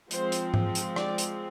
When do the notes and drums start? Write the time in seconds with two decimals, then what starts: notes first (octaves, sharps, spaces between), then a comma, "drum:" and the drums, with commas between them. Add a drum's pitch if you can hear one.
0.11 F3 G#3 C4 C5, drum: hi-hat
0.32 drum: hi-hat
0.54 drum: tom G#2
0.75 drum: hi-hat
0.96 D5, drum: rim click
1.18 drum: hi-hat